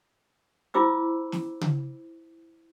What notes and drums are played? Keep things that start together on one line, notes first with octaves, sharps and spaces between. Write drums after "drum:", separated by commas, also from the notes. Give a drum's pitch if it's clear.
E4 F4 C5 D6 E6
drum: snare
drum: tom C#3